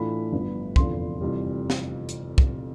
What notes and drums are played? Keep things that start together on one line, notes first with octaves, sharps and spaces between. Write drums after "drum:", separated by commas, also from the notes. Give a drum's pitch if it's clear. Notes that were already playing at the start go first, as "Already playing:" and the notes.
Already playing: A2 E3 A3 D4 F4 B5
G1 G2 F3 B3
F1 E2 D3 F3 C6, drum: kick
F1 F2 E3 G3
drum: snare
drum: hi-hat
drum: kick